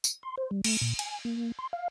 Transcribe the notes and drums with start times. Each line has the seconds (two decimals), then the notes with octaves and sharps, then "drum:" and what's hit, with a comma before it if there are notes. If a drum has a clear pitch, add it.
0.04 drum: tambourine
0.23 C6
0.38 C5
0.51 G3
0.64 A3, drum: cymbal
0.81 A#2
0.99 G#5, drum: cymbal
1.25 A#3
1.59 C6
1.73 F5